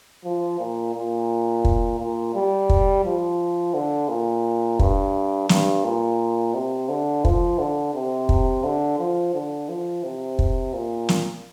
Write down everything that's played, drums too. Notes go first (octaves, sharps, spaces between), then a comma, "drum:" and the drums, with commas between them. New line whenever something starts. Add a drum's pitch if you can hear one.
F3
A#2
A#2
drum: kick
A#2
G3
drum: kick
F3
D3
A#2
G2, drum: kick
G2, drum: snare
A#2
C3
D3
F3, drum: kick
D3
C3
drum: kick
D3
F3
D3
F3
C3
drum: kick
A#2
drum: snare